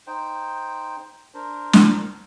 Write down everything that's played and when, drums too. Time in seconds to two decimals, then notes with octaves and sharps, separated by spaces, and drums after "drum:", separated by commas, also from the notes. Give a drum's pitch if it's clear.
0.07 D#4 C5 G5
1.34 D4 A#4 C5
1.73 drum: snare